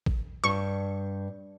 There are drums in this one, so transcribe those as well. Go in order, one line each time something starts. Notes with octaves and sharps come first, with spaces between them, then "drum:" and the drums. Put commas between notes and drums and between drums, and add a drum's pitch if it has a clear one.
drum: kick A1
G2 C#6